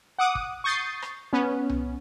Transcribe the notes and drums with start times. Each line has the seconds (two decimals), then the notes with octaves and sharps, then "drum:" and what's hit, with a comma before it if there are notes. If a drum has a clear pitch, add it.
0.18 F#5 D6 D#6
0.35 drum: kick
0.64 C#6 D#6 G6 A6 C7
1.02 drum: rim click
1.33 B3 C#4
1.69 drum: tom C2